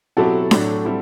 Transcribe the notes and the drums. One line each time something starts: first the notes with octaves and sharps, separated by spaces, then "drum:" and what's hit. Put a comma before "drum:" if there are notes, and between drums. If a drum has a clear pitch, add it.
B2 F#3 C4 E4 F#4 G4 A4
A2 F#3 A3 D4, drum: snare D4
G3 C4 E4